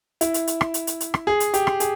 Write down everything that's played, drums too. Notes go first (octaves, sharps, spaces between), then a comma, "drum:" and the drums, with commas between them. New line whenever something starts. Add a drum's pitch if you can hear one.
E4, drum: hi-hat
drum: hi-hat
drum: hi-hat
drum: rim click
drum: hi-hat
drum: hi-hat
drum: hi-hat
drum: rim click
G#4
drum: hi-hat
G4, drum: hi-hat
drum: rim click
G#4, drum: hi-hat